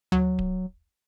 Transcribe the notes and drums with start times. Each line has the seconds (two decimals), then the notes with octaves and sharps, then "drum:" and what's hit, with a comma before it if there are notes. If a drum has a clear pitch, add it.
0.12 F#3, drum: tom D2
0.39 drum: kick D1